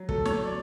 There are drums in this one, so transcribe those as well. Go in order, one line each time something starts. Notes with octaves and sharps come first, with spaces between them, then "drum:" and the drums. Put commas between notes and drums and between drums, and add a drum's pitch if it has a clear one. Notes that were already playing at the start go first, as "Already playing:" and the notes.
Already playing: F#3
A3 A4, drum: kick
C#5, drum: snare
F#3
D5